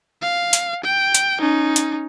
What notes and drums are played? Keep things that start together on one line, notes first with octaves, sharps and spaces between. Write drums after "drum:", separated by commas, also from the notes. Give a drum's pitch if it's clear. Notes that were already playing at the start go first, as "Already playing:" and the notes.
F5
drum: hi-hat
G5
drum: hi-hat
C#4 D#4
drum: hi-hat